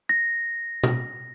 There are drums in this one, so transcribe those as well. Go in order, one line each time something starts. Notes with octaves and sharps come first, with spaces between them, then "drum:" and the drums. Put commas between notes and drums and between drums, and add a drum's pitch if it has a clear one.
A#6
drum: tom B2